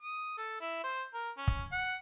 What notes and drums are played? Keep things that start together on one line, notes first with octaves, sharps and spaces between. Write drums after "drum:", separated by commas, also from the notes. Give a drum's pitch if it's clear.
D#6
A4
E4
C5
A#4
C#4
drum: kick
F#5